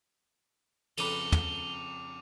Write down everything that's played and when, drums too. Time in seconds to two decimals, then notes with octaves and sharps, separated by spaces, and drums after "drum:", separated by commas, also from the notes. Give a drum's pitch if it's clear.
0.97 F2 C#3 B4 D6 D#7 F7 G7, drum: cymbal
1.32 drum: tom